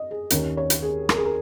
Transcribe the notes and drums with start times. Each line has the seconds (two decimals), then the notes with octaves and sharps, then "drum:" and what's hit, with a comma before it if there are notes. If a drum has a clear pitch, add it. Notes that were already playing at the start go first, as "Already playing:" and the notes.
Already playing: D#5
0.11 G#4
0.30 D#2 D#3 C#4 A#4, drum: hi-hat
0.57 C#5
0.70 drum: hi-hat
0.82 G#4
1.09 A#4, drum: rim click
1.17 G#4
1.25 A#4